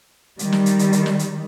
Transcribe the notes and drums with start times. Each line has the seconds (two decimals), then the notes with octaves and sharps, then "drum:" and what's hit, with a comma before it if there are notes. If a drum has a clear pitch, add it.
0.39 D#3 G3, drum: hi-hat
0.52 drum: snare
0.66 drum: hi-hat
0.79 drum: hi-hat
0.93 drum: hi-hat
1.06 drum: snare
1.19 drum: hi-hat